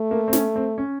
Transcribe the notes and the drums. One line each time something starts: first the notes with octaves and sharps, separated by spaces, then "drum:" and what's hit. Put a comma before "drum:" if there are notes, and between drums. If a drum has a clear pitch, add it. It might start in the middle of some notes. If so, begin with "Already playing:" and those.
Already playing: A3
A#3
C4
C#4, drum: snare
C4
C#4